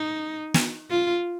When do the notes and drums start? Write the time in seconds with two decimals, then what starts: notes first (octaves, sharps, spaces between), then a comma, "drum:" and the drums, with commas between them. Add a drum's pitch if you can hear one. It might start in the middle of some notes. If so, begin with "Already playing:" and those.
Already playing: D#4
0.54 drum: snare
0.90 F4